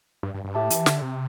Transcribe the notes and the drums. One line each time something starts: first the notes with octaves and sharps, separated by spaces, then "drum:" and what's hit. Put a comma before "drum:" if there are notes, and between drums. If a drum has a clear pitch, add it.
G2
G2
G2
A2 G4 E5 A5
E3, drum: hi-hat
D3, drum: snare
C3